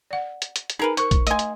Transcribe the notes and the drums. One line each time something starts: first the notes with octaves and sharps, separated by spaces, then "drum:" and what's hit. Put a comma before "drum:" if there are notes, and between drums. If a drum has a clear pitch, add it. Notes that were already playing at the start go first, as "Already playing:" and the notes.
D5 F#5
drum: hi-hat
drum: hi-hat
drum: hi-hat
D#4 G#4 A#4 B4
A#4 C5 C#6, drum: hi-hat
drum: kick A#1, hi-hat
A3 D#5 G#5 C6, drum: hi-hat
drum: hi-hat